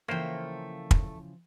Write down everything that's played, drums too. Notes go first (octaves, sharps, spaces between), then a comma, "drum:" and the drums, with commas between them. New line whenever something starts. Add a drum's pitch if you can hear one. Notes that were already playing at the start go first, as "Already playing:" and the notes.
C#3 E3 F3 A3 A#3 C5 G5
drum: kick